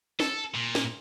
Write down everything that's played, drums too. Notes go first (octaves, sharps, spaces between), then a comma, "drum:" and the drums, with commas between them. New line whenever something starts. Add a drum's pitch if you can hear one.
A4, drum: snare
A#2
drum: snare